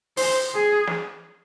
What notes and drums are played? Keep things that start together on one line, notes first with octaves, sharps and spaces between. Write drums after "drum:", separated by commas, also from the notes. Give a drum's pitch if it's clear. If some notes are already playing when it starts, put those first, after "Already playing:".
C5, drum: open hi-hat
G#4
drum: snare